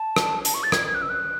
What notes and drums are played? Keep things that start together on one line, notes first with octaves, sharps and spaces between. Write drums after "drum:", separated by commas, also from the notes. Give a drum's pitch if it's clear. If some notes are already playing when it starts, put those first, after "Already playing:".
Already playing: A5
drum: rim click
A5, drum: hi-hat
C#6
A6
G#6, drum: rim click
G#6
F#6
E6
F#6